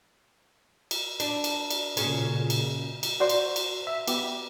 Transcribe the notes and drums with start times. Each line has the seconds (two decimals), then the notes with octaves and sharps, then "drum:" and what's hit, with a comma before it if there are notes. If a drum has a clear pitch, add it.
0.91 drum: cymbal
1.20 D4, drum: cymbal
1.44 drum: cymbal
1.70 drum: cymbal
1.97 A#2 C#3 C#4 G#4, drum: cymbal
2.50 drum: cymbal
3.03 drum: cymbal
3.20 F#4 C5 D5 C6
3.29 drum: cymbal
3.56 drum: cymbal
3.87 E5
4.07 B3 G4, drum: cymbal